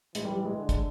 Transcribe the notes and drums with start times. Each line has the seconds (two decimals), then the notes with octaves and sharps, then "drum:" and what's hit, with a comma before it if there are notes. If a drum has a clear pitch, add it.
0.15 E3 G#3, drum: hi-hat
0.25 G3
0.35 G3
0.45 G#3
0.56 D3
0.69 drum: kick, hi-hat